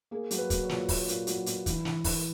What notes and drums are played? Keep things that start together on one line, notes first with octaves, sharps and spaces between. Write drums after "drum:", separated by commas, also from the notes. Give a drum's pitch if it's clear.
A#3 G#4
F#3, drum: hi-hat
B4
F#3, drum: kick, hi-hat
C#5
A#2, drum: snare
A#2 C#5, drum: kick, open hi-hat
A#2, drum: hi-hat
F#3, drum: hi-hat
A#2, drum: hi-hat
E3 E4, drum: kick, hi-hat
E3, drum: snare
E3, drum: kick, open hi-hat